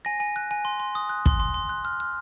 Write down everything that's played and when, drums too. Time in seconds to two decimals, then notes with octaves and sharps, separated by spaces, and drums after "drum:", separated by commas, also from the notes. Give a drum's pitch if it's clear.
0.05 G#5 A#6
0.20 G#5
0.36 F#6
0.51 G#5
0.65 C6
0.80 C6
0.95 D#6
1.09 F#6
1.26 C6, drum: kick
1.40 C6
1.54 C6
1.69 F#6
1.85 F6
2.00 F6